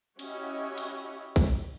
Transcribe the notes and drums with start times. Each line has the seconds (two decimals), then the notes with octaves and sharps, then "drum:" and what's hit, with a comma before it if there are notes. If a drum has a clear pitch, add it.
0.19 C#4 E4 F#4 G4 C#5 D#5, drum: cymbal
0.78 drum: cymbal
1.36 drum: kick A#1, cymbal